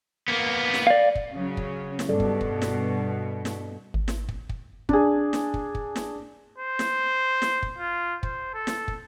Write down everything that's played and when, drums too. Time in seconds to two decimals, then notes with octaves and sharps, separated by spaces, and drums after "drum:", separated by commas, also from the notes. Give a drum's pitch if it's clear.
0.28 A#3 B3
0.74 drum: snare
0.87 D5 F5
1.15 drum: kick
1.33 C#3 F#3 C#4
1.57 drum: kick
1.99 drum: snare
2.09 G2 B2 G3 A4 D5
2.20 drum: kick
2.41 drum: kick
2.62 drum: snare
3.45 drum: snare
3.94 G#1
4.08 drum: snare
4.29 drum: kick
4.49 drum: kick
4.89 D4 G#4, drum: kick
5.33 drum: snare
5.54 drum: kick
5.75 drum: kick
5.96 drum: snare
6.58 C5
6.79 drum: snare
7.42 drum: snare
7.63 drum: kick
7.78 F4
8.23 C5, drum: kick
8.54 A4
8.67 drum: snare
8.88 drum: kick